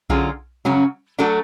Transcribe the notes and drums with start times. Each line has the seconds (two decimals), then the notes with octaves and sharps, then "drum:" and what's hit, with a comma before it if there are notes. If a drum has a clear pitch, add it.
0.10 D3 F#3 C#4 F4 G#4, drum: kick B1
0.65 F#2 C#3 F#3 C#4 F#4, drum: tom G3
1.18 F#3 A3 D4 F#4 A4